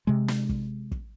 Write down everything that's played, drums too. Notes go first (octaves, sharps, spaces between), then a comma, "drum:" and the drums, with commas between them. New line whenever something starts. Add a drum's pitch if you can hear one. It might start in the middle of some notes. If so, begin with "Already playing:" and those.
C3 G#3
drum: snare
drum: kick
drum: kick